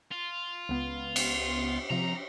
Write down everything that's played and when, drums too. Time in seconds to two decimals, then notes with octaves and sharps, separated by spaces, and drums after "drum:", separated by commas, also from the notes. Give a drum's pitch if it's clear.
0.11 F4
0.69 C#2 B3
1.16 drum: cymbal
1.90 C3 F3 A#5